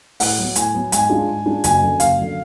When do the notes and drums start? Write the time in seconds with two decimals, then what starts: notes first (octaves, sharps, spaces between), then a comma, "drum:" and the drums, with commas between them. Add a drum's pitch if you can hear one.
0.20 A2 F#5, drum: open hi-hat
0.38 F#3 B3
0.55 A2 G#5, drum: hi-hat
0.74 F#3 B3
0.92 G#2 G#5, drum: hi-hat
1.09 G#3 D4 F4
1.28 G#2
1.45 G#3 D4 F4
1.64 F#1 G#5, drum: hi-hat
1.81 F#2 D3
2.00 F#1 F5, drum: hi-hat
2.18 F#2 D3